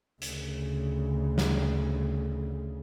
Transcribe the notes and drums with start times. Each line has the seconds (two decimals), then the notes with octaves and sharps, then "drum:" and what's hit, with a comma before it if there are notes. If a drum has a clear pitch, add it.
0.22 D2 C#3, drum: hi-hat
1.38 drum: snare